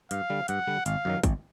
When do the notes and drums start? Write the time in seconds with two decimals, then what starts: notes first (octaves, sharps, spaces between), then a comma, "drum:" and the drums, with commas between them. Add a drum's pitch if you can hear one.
0.11 G2 F5, drum: hi-hat
0.30 D3 G3
0.48 G2 F#5, drum: hi-hat
0.67 D3 G3
0.86 G#1 F5, drum: hi-hat
1.05 F#2 D#3 F#3
1.23 G#1, drum: kick, hi-hat